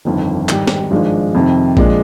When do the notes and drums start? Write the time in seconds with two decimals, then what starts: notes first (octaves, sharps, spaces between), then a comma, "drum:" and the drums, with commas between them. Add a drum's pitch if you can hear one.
0.05 G1 F2 D#3
0.49 G#2 D#3 G3, drum: clap
0.67 drum: snare
0.91 G#1 G2 F3 G#3 D4
1.35 F2 C3 D#3
1.77 A#2 F3 G#3 D4 G#4, drum: kick A#1